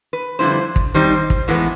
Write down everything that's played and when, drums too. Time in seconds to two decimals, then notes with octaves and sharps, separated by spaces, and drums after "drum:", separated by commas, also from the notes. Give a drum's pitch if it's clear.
0.13 B4
0.39 F2 D3 G3 C4 E4 C5
0.76 drum: kick
0.94 D#3 G3 C4 D#4 C5
1.30 drum: kick
1.48 A2 E3 G#3 B3